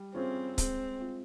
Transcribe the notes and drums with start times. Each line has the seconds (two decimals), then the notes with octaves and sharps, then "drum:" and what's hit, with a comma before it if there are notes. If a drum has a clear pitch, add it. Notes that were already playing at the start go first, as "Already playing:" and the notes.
Already playing: G3
0.15 C4 C#4 F4 G#4 C5
0.58 G#3 C4, drum: kick C#1, hi-hat
1.00 C4 F4